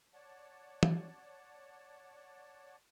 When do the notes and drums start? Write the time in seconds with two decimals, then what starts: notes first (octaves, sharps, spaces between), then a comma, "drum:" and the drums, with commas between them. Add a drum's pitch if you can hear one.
0.14 C#5 D5 F#5 A5
0.83 drum: tom E3